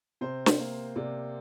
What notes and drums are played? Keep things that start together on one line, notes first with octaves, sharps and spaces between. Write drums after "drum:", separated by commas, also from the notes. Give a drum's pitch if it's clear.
C3 C5
drum: snare
A#3
C3 D5